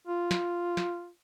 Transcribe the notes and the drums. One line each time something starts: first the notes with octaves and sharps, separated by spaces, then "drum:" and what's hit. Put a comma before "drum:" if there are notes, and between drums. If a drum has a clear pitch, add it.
F4
drum: snare
drum: snare